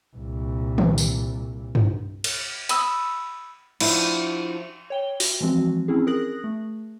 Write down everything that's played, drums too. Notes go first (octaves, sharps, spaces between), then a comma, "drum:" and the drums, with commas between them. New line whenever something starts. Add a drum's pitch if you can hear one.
C2 A#2
drum: tom D#3
drum: tambourine
drum: tom G2
drum: cymbal
B5 D#6 E6, drum: hi-hat
F3 D4 E4 F#4, drum: cymbal
C#5 G5 G7
F#4, drum: open hi-hat
E3 F3 G#3 C4 F#4
C4 C#4 E4 G#4
G#4 A#4 D#6 F#6 A#6 F#7
A3